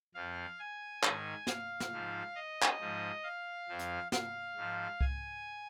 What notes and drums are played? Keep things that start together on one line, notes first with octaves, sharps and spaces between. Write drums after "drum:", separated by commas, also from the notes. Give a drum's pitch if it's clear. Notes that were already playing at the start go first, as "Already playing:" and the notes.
F2 F3 F5
G#5
G#2 D#3, drum: clap
F5, drum: snare
drum: snare
G#2 F3
D#5
drum: clap
G#2 F3
F5
F2 F3
drum: hi-hat
F5, drum: snare
G#2 F3
G#5, drum: kick C2